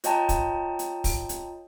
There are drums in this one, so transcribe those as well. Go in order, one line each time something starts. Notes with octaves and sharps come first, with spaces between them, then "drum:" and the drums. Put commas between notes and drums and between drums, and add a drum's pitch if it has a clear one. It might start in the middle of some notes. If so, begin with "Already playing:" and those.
F4 C#5 D#5 G5 A5 A#5, drum: hi-hat
drum: kick, hi-hat
drum: hi-hat
drum: kick, open hi-hat
drum: hi-hat